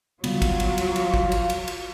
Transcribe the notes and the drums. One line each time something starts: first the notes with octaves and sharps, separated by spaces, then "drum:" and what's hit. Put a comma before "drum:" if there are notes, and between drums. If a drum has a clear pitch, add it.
D3 F#3 G3 B3 F4, drum: cymbal
drum: kick, cymbal
drum: cymbal
drum: cymbal
drum: cymbal
drum: kick
drum: cymbal
drum: cymbal
drum: cymbal